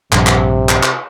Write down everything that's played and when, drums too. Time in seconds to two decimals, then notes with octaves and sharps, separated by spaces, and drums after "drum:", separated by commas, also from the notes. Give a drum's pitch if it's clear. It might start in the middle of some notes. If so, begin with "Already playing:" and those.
0.12 A#1 G2 C3, drum: clap
0.27 drum: clap
0.69 drum: clap
0.83 drum: clap